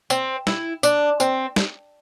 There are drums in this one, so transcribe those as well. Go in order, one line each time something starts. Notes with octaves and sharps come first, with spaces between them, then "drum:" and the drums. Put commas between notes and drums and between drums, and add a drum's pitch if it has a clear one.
C4, drum: tambourine
E4, drum: snare
D4, drum: tambourine
C4, drum: tambourine
drum: snare